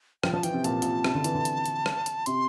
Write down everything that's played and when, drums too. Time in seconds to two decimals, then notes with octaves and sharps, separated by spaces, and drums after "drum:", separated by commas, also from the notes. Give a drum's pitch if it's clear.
0.23 F3 G5, drum: rim click
0.34 F3 A5
0.43 E3 G5, drum: hi-hat
0.54 C3
0.64 A#2 A5, drum: hi-hat
0.82 A#2, drum: hi-hat
1.04 C3, drum: rim click
1.15 D3
1.24 E3, drum: hi-hat
1.35 D3
1.45 drum: hi-hat
1.66 drum: hi-hat
1.86 drum: rim click
2.06 drum: hi-hat
2.26 C3 C6, drum: hi-hat